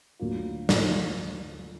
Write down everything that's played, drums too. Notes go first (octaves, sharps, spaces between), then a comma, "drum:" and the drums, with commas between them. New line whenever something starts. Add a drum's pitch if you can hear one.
D2 D3 F#3 A#3 F4
D2 D3 F#3 A#3 F4, drum: snare